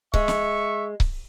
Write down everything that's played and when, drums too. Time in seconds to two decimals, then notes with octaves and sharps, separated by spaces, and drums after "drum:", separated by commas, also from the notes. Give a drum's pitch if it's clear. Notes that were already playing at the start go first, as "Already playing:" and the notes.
0.14 G#3 E5 C#6, drum: kick C#1
0.28 drum: snare
1.00 drum: kick C#1